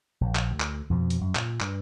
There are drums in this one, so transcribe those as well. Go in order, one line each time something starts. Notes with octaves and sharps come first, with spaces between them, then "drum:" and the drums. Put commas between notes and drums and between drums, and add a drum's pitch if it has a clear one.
A#1
drum: clap
D2
drum: clap
F2 B2 F3
drum: hi-hat
F#2
A#2, drum: clap
G2, drum: clap